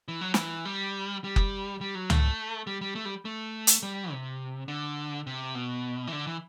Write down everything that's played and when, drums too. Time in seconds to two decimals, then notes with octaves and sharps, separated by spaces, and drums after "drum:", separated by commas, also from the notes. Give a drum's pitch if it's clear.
0.08 E3
0.21 F#3
0.34 E3, drum: snare
0.65 G3
1.24 G3
1.36 drum: kick F#1
1.81 G3
1.95 F#3
2.10 A3, drum: tom
2.67 G3
2.81 G3
2.95 A3
3.05 G3
3.25 A3
3.67 drum: hi-hat
3.83 G3
4.12 C3
4.68 D3
5.27 C3
5.55 B2
6.07 E3
6.12 D3
6.27 E3